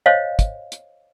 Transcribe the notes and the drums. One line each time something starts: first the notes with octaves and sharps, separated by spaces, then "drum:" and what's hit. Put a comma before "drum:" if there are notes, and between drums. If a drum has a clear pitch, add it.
C5 C#5 D#5 F5
drum: kick, hi-hat
drum: hi-hat